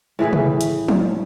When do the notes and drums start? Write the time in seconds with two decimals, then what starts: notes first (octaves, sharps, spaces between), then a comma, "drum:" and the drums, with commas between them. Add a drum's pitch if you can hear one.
0.19 A2 E3 G#4 B4
0.33 drum: tom C3
0.61 drum: hi-hat
0.88 drum: tom F3